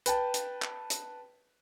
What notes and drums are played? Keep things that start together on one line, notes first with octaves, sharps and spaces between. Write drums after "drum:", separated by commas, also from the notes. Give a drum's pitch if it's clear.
B4 G5 A5, drum: hi-hat
drum: hi-hat
drum: clap
drum: hi-hat